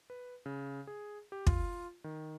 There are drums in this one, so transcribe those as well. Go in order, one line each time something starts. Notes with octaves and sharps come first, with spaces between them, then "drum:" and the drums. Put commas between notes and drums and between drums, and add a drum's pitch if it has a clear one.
B4
C#3
G#4
G4
F4, drum: kick
D#3